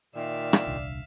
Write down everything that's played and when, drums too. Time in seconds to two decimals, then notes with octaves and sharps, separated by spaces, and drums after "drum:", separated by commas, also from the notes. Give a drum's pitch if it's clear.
0.15 A#2 D#3 D5 E5 F5
0.53 drum: rim click
0.66 D#1 C2 D4